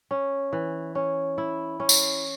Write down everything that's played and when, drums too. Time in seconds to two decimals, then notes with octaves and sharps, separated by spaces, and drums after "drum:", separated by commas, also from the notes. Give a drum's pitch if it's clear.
0.11 C#4
0.53 E3
0.95 C#4
1.38 E4
1.80 C#4
1.89 drum: tambourine